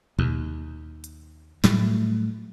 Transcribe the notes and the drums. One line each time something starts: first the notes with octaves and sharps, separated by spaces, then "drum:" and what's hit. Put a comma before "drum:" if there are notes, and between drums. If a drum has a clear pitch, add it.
D#2, drum: tom A#2
drum: hi-hat
A2 F#3 G3 A3, drum: snare